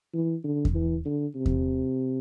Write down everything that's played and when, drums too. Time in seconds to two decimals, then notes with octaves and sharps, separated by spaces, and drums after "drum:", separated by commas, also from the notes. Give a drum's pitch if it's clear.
0.14 E3
0.44 D3
0.65 drum: kick E2
0.75 E3
1.05 D3
1.36 C3
1.46 drum: kick E2